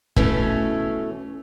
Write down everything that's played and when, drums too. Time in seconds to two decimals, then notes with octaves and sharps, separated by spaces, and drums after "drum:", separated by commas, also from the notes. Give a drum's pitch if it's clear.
0.16 B2 E3 A3 C#4, drum: kick